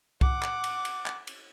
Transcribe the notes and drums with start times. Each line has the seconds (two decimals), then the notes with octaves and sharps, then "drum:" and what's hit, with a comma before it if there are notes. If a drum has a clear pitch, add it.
0.21 F#5 D6, drum: kick C2
0.42 drum: clap
0.64 drum: cymbal
0.85 drum: cymbal
1.06 drum: clap
1.27 drum: cymbal